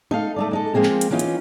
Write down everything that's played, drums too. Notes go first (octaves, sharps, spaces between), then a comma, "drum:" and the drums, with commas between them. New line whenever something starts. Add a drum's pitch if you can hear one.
D#4 A4 F5, drum: tom G#3
A3 D#4 D5
G#3 D#4 A4
F3 G#3 A#3 C4 G#4
drum: clap
drum: hi-hat
E3 A#3 C#4 D#4 F4
drum: hi-hat